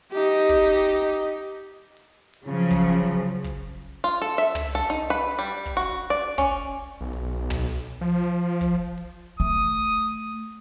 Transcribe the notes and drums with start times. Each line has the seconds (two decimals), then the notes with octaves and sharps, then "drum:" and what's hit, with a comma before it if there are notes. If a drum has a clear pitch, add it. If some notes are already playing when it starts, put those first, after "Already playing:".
0.12 D#4 G4, drum: hi-hat
0.49 drum: kick, hi-hat
1.23 drum: hi-hat
1.97 drum: hi-hat
2.34 drum: hi-hat
2.46 C#3 F3 F#3
2.70 drum: kick, hi-hat
3.07 drum: hi-hat
3.44 drum: kick, hi-hat
4.04 F4
4.22 A4
4.38 E5
4.55 drum: tom
4.75 A4
4.90 D#4, drum: hi-hat
5.10 B4
5.29 drum: hi-hat
5.39 G3
5.66 drum: kick, hi-hat
5.77 F#4
6.10 D5
6.38 C#4, drum: kick, hi-hat
7.01 B1
7.13 drum: hi-hat
7.50 drum: tom
7.87 drum: hi-hat
8.01 F3
8.24 drum: hi-hat
8.61 drum: kick, hi-hat
8.98 drum: hi-hat
9.40 A3 D#6
10.08 drum: hi-hat